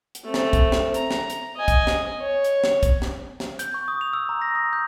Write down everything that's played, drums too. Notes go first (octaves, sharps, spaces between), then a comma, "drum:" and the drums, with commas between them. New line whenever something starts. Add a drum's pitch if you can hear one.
drum: hi-hat
A3 C4
drum: snare
drum: kick, hi-hat
drum: snare
A#5, drum: hi-hat
drum: snare
drum: hi-hat
D#5 G#5
drum: kick, hi-hat
drum: snare
C#5
drum: hi-hat
drum: snare
drum: kick, hi-hat
drum: snare
drum: snare
G6, drum: hi-hat
C#6
D#6
F7
E6
A#5
A#6
D#6
G6